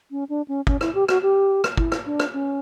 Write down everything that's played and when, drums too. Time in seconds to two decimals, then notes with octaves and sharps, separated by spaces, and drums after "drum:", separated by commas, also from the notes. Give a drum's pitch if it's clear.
0.11 C#4
0.29 D4
0.48 C#4
0.67 C#4, drum: kick
0.81 E4, drum: rim click
0.95 G4
1.08 F#4, drum: rim click
1.22 G4
1.64 drum: rim click
1.77 E4, drum: kick
1.92 drum: rim click
2.06 D4
2.20 drum: rim click
2.33 C#4